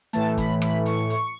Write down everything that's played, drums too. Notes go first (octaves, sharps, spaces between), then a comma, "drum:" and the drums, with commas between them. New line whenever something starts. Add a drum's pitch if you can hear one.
A2 E3 A3 A5, drum: hi-hat
B5, drum: kick, hi-hat
B5, drum: rim click
C#6, drum: hi-hat
drum: hi-hat